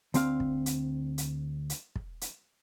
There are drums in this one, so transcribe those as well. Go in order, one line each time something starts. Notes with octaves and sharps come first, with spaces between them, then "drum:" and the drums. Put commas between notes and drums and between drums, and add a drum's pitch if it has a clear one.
D2 C4 F5, drum: hi-hat
drum: kick
drum: hi-hat
drum: hi-hat
drum: hi-hat
drum: kick
drum: hi-hat